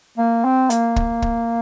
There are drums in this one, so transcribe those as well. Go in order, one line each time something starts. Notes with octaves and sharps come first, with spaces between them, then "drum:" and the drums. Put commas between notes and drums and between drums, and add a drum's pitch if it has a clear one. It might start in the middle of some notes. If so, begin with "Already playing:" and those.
A#3
C4
A#3, drum: hi-hat
drum: kick
drum: kick